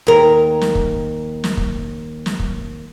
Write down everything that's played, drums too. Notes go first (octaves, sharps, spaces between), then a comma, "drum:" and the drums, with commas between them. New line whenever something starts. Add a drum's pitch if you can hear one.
D#2 A#4
drum: snare
drum: kick
drum: snare
drum: kick
drum: snare
drum: kick